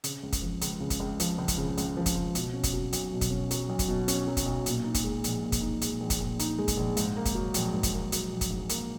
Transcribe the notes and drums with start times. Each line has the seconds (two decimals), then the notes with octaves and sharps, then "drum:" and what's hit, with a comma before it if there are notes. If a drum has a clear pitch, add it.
0.04 C#3, drum: hi-hat
0.23 C#2
0.32 drum: kick, hi-hat
0.42 F3
0.61 C#2, drum: hi-hat
0.80 C#3
0.90 drum: kick, hi-hat
1.00 C#2
1.20 F3, drum: hi-hat
1.38 C#2
1.48 drum: kick, hi-hat
1.58 C#3
1.77 C#2, drum: hi-hat
1.97 F3
2.06 drum: kick, hi-hat
2.15 C#2
2.35 B2, drum: hi-hat
2.53 C#4
2.63 drum: kick, hi-hat
2.73 F#3
2.93 B1, drum: hi-hat
3.12 B2
3.21 drum: kick, hi-hat
3.30 C#4
3.51 F#3, drum: hi-hat
3.69 B1
3.79 drum: kick, hi-hat
3.88 B2
4.08 C#4, drum: hi-hat
4.28 F#3
4.37 drum: kick, hi-hat
4.46 B1
4.66 A#2, drum: hi-hat
4.84 D#4
4.94 drum: kick, hi-hat
5.04 G#3
5.24 A#1, drum: hi-hat
5.43 A#2
5.52 drum: kick, hi-hat
5.61 D#4
5.81 G#3, drum: hi-hat
6.00 A#1
6.10 drum: kick, hi-hat
6.20 A#2
6.39 D#4, drum: hi-hat
6.58 G#3
6.68 drum: kick, hi-hat
6.77 A#1
6.97 G#2, drum: hi-hat
7.16 A#3
7.25 drum: kick, hi-hat
7.35 F#3
7.54 A#1, drum: hi-hat
7.73 G#2
7.83 drum: kick, hi-hat
7.93 A#3
8.12 F#3, drum: hi-hat
8.31 A#1
8.41 drum: kick, hi-hat
8.51 G#2
8.69 A#3, drum: hi-hat